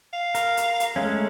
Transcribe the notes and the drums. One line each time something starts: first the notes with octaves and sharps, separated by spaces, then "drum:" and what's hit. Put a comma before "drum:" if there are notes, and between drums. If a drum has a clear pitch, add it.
F5
A#4, drum: hi-hat
drum: hi-hat
drum: hi-hat
G#3 A3 C#4